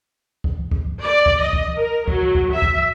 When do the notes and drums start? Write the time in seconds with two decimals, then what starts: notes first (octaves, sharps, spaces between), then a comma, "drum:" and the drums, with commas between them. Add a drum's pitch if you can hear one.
0.44 drum: kick C#2
0.71 drum: kick C#2
1.02 D5
1.26 drum: kick C#2
1.39 D#5
1.53 drum: kick C#2
1.76 A#4
2.08 F#3, drum: kick C#2
2.35 drum: kick C#2
2.53 E5
2.62 drum: kick C#2